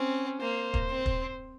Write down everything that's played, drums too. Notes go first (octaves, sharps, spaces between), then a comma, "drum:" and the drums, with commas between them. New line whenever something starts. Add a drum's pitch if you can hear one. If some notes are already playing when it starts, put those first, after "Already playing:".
Already playing: C4 C#4
A#3 C5
drum: kick
C4
drum: kick